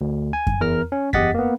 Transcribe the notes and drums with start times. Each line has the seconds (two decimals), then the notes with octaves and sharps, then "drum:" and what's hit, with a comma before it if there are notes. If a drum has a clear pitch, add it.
0.01 D2
0.33 G#5
0.47 drum: kick F#2
0.61 E2 A#4 A#5 F6
0.92 C#4
1.13 E2 G4 D#5 F#5 A6 B6, drum: kick F#2
1.34 A#3 B3